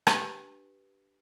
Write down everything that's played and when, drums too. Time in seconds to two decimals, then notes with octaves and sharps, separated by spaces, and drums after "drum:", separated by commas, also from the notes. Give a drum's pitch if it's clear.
0.07 D4 G4 B4, drum: rim click